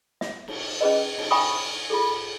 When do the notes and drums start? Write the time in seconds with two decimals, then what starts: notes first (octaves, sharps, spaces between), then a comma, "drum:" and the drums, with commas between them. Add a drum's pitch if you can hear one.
0.21 E5, drum: snare
0.48 drum: cymbal
0.81 C#4 G#4 B4 D#5
1.18 drum: cymbal
1.31 E5 G5 G#5 B5 C#6 D#6
1.90 F4 G#4 A4